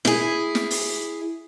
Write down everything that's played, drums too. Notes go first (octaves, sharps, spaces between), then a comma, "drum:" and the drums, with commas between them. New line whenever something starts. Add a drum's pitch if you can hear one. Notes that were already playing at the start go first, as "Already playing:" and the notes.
E4 G#4, drum: snare
drum: snare
drum: open hi-hat